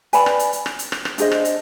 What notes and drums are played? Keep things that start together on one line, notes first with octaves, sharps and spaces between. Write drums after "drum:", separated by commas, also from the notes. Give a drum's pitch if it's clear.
B4 D5 G#5 B5, drum: hi-hat
drum: rim click
drum: hi-hat
drum: hi-hat
drum: rim click
drum: hi-hat
drum: rim click
drum: rim click
D4 G#4 C5 D#5, drum: hi-hat
drum: rim click
drum: hi-hat